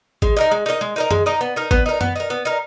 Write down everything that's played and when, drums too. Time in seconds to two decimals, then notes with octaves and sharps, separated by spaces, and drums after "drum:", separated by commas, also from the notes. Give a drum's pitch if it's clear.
0.22 G#3, drum: kick G#1
0.37 D#4 A#4 D#5
0.51 G#3
0.66 D#4 A#4 D#5
0.81 G#3
0.96 D#4 A#4 D#5
1.11 G#3, drum: tom F#2
1.26 D#4 A#4 D#5
1.41 B3
1.56 D#4 A#4
1.71 B3, drum: kick G#1
1.86 D#4 A#4
2.01 B3, drum: tom F#2
2.15 D#4 A#4
2.30 B3
2.45 D#4 A#4